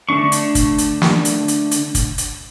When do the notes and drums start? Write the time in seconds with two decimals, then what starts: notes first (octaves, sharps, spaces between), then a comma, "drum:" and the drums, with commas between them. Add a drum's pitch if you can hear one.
0.09 D3 A3 D4 C#6
0.32 drum: hi-hat
0.55 drum: kick, hi-hat
0.78 drum: hi-hat
1.02 drum: snare
1.25 drum: hi-hat
1.48 drum: hi-hat
1.71 drum: hi-hat
1.95 drum: kick, hi-hat
2.18 drum: hi-hat